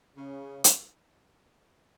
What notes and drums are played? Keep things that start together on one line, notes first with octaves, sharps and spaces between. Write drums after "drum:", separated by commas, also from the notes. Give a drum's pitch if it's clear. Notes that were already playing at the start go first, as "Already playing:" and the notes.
C#3
drum: hi-hat